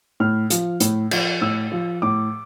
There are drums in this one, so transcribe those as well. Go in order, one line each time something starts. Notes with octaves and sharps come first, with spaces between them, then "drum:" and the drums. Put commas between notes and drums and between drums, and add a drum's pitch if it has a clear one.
A2 F6
F3, drum: hi-hat
A2, drum: hi-hat
F3, drum: cymbal
A2 E6
F3
A2 D6